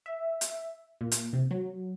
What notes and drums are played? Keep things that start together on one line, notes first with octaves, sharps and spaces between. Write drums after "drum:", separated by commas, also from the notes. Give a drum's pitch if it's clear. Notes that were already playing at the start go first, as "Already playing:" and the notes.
E5
drum: hi-hat
A#2
drum: hi-hat
C3
F#3